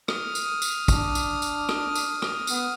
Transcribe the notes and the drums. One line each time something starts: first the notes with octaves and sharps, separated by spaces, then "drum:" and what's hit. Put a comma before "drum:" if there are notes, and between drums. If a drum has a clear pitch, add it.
D#6 F6, drum: rim click
drum: tambourine
drum: tambourine
D4, drum: kick, tambourine
drum: tambourine
drum: tambourine
drum: rim click
drum: tambourine
drum: rim click
B3, drum: tambourine